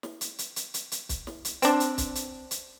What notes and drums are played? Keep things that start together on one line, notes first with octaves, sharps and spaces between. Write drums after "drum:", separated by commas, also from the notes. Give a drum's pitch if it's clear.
drum: snare
drum: hi-hat
drum: hi-hat
drum: hi-hat
drum: hi-hat
drum: hi-hat
drum: kick, hi-hat
drum: snare
drum: hi-hat
C4 D4, drum: hi-hat
drum: hi-hat
drum: kick, hi-hat
drum: hi-hat
drum: hi-hat